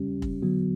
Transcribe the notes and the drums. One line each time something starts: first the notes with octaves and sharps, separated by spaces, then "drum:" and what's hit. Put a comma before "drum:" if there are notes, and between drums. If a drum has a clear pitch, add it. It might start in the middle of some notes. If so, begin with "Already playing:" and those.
Already playing: C#3 G3 C#4 G4
drum: kick
D3 F#3 B3 F#4